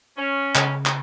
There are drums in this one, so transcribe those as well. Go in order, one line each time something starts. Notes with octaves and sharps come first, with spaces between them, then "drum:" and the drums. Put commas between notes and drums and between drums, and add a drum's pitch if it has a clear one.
C#4
C#3, drum: clap
drum: clap